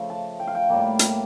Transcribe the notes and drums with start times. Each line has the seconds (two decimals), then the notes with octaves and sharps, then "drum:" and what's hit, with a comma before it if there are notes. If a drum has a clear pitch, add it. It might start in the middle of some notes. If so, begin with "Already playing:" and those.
Already playing: C#3 F3 A3
0.10 A5
0.40 G5
0.47 F5
0.55 G5
0.70 A2 G3 A#3 G5
0.99 drum: hi-hat